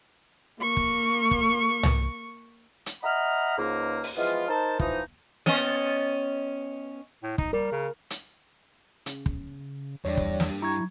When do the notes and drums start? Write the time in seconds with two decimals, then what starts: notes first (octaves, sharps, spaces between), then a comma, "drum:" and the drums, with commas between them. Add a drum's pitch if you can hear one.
0.60 A#3 C#6
0.77 drum: kick
1.31 drum: kick
1.83 drum: tom
2.86 drum: hi-hat
3.04 D#5 E5 F#5 A#5 B5 F6
3.58 C#2 G#2 A#3
4.04 drum: open hi-hat
4.17 E3 F3 G#3 B3 F4
4.48 D#4 A#4 C5 A5
4.80 E3 F3 D#4, drum: kick
5.46 B3 C#4 D#5, drum: snare
7.23 A2
7.38 D#4, drum: kick
7.53 G3 A#4
7.72 C#3
8.10 drum: hi-hat
9.06 C#3, drum: hi-hat
9.26 drum: kick
10.05 E2 G2 C#5 D5
10.17 drum: kick
10.40 drum: snare
10.62 E4 A#5 C#6 G#6